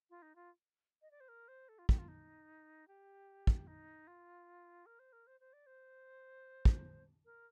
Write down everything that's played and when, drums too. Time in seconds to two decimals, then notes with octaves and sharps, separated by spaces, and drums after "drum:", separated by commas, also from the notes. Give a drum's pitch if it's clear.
0.10 F4
0.22 D#4
0.35 F4
1.02 D#5
1.11 D5
1.20 C5
1.28 A#4
1.48 C5
1.68 A4
1.78 F4
1.89 G4, drum: kick
1.98 F4
2.08 D#4
2.87 G4
3.47 drum: kick
3.67 D#4
4.07 F4
4.86 A#4
4.99 C5
5.12 A#4
5.27 C5
5.40 C5
5.53 D5
5.66 C5
6.65 drum: kick
7.25 A#4